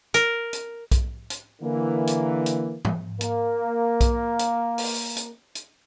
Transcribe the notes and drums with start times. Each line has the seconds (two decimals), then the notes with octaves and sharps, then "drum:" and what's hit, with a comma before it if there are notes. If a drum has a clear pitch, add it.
0.14 A#4, drum: hi-hat
0.53 drum: hi-hat
0.91 drum: kick B1, hi-hat
1.30 drum: hi-hat
1.62 D3 E3 A#3
2.07 drum: hi-hat
2.46 drum: hi-hat
2.85 drum: tom G#2
3.21 A#3 A#4, drum: hi-hat
4.01 drum: kick B1, hi-hat
4.39 drum: hi-hat
4.78 drum: open hi-hat
5.17 drum: hi-hat
5.55 drum: hi-hat